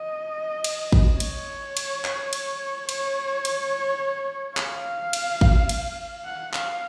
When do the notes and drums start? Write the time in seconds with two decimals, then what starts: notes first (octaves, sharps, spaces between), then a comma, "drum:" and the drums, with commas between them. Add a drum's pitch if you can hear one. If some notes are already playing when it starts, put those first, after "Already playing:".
Already playing: D#5
0.64 drum: cymbal
0.92 drum: kick G#1
1.20 C#5, drum: cymbal
1.77 drum: cymbal
2.05 drum: clap
2.33 drum: cymbal
2.89 C#5, drum: cymbal
3.45 drum: cymbal
4.57 F5, drum: clap
5.13 drum: cymbal
5.41 drum: kick G#1
5.69 drum: cymbal
6.25 F#5
6.53 F5, drum: clap